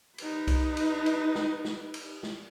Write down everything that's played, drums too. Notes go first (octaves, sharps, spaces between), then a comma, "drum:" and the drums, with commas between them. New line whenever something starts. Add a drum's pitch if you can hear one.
D#4 B4, drum: cymbal
drum: kick C2, cymbal
drum: cymbal
drum: cymbal
drum: snare
drum: snare
drum: cymbal
drum: snare